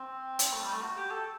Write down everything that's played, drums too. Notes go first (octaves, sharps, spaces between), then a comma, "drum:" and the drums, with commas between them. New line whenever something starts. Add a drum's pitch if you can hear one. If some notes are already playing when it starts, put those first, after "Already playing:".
Already playing: C4
drum: hi-hat
A3
G3
A3
F#4
G4
A4